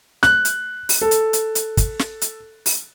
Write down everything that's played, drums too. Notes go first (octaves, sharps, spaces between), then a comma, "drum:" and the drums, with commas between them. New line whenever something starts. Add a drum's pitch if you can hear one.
F#6, drum: snare
drum: hi-hat
drum: open hi-hat
A4
drum: hi-hat
drum: hi-hat
drum: hi-hat
drum: kick, hi-hat
drum: snare
drum: hi-hat
drum: open hi-hat